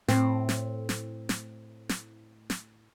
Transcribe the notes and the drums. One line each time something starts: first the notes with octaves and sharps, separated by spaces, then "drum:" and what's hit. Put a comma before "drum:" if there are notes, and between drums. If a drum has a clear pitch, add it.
A2 C4, drum: snare
drum: snare
drum: snare
drum: snare
drum: snare
drum: snare